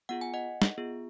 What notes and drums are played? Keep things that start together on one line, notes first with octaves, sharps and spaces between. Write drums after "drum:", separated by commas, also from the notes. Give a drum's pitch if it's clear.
B3 F4 G#4 F#5
G#5
D#5 F#5
drum: snare
B3 F4 G#4